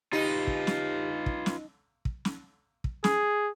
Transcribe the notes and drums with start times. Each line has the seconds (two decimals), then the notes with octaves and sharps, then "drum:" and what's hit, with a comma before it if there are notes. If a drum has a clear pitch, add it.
0.13 D#4 F4 G4 B4
0.47 drum: kick
0.67 drum: snare
1.26 drum: kick
1.46 drum: snare
2.05 drum: kick
2.25 drum: snare
2.84 drum: kick
3.04 G#4, drum: snare